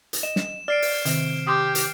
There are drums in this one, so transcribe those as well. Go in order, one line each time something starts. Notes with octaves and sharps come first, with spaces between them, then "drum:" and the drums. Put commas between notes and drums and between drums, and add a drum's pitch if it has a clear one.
drum: hi-hat
D#5 E7
drum: snare
D5 F6 C7 D7
drum: open hi-hat
C3 D#3, drum: hi-hat
G4 C6 D6 D#6
drum: hi-hat